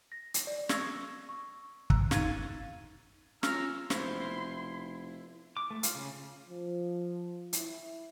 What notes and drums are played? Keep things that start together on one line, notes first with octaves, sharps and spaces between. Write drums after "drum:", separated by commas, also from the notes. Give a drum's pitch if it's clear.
A#6
drum: hi-hat
D5
C#6 D#6 E6 G#6 A#6, drum: snare
C#6
A#5 E6 F#6, drum: kick
D#4 F5 G#6 A6 D#7, drum: snare
C#4 F4 A#5 E6 F6, drum: snare
F1 B3 E4 C5 C6, drum: snare
D6
A3
F4, drum: hi-hat
C#3
F3
E4, drum: hi-hat